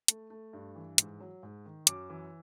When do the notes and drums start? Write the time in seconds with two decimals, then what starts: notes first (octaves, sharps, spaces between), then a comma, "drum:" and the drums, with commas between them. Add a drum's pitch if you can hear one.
0.08 A3, drum: hi-hat
0.30 A3
0.53 G2
0.75 E3
0.98 G#2, drum: hi-hat
1.20 F#3
1.43 G#2
1.66 D#3
1.87 F#2 D6, drum: hi-hat
2.10 E3